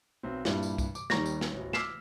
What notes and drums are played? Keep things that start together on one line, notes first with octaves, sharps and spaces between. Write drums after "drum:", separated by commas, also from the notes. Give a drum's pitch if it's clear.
B1 C4
G2 A#2 G3 E4, drum: snare
drum: tambourine
drum: kick, tambourine
D6, drum: tambourine
D#2 D#3 G3 A#5 C#6 A#6, drum: snare
drum: tambourine
drum: snare
D1 A1
D6 E6 F6 B6 C7 E7, drum: snare